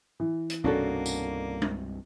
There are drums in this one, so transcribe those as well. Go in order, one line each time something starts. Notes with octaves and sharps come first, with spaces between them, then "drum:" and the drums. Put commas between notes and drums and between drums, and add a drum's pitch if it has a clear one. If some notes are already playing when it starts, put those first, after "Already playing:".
E3
drum: hi-hat
C2 G2 B2 A#3 C#4 D4 F#4 A4
drum: tambourine
drum: tom G#3